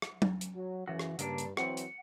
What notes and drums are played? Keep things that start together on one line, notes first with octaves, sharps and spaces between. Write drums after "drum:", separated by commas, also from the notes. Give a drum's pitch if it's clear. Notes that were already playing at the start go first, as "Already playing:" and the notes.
drum: rim click
drum: tom F#3
drum: hi-hat
F#3
F#2 C#3 E3 F#4
drum: rim click
G2 C#3 A#3 D4, drum: hi-hat
drum: hi-hat
E3 F#3 C4 F#5, drum: rim click
drum: hi-hat